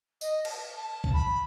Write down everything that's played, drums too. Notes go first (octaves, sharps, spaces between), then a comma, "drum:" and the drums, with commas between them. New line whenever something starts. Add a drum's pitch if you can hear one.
D#5, drum: tambourine
A5, drum: cymbal
A5
drum: kick B1
B5